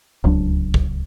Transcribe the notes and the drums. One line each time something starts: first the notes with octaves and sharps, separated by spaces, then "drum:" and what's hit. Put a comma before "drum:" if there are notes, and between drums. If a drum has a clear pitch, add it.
D1 C#2 F#3 D4
drum: kick